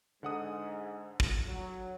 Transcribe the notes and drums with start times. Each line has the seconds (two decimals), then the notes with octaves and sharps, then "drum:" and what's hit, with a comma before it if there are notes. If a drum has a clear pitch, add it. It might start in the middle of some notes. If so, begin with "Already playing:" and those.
0.23 G#2 D3 F#5 D#6
1.20 drum: kick
1.47 F#3